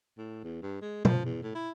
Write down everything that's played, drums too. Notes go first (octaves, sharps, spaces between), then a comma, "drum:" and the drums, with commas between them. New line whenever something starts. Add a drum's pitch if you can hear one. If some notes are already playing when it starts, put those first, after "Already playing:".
A2
E2
G2
G#3
F3, drum: tom
E2
A2
E4